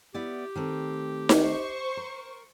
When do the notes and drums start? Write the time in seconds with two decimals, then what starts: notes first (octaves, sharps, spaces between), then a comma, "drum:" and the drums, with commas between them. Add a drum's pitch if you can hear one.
0.14 B3 E4 G4 D5
0.56 D#3 A3 C4
1.29 drum: snare D#4
1.42 C5 C#6
1.97 A#4